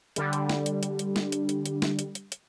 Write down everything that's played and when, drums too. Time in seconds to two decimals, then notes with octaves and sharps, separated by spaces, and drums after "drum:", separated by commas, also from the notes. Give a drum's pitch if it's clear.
0.16 D3 G3, drum: hi-hat
0.33 drum: hi-hat
0.49 drum: snare
0.66 drum: hi-hat
0.83 drum: hi-hat
0.99 drum: hi-hat
1.16 drum: snare
1.32 drum: hi-hat
1.49 drum: hi-hat
1.66 drum: hi-hat
1.82 drum: snare
1.99 drum: hi-hat
2.15 drum: hi-hat
2.32 drum: hi-hat